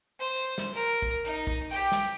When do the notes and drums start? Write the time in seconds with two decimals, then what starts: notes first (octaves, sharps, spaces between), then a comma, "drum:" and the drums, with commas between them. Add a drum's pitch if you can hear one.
0.20 C5
0.35 drum: hi-hat
0.58 drum: snare
0.73 A#4
1.02 drum: kick
1.25 D#4, drum: hi-hat
1.47 drum: kick
1.70 G4 G5, drum: open hi-hat
1.92 drum: snare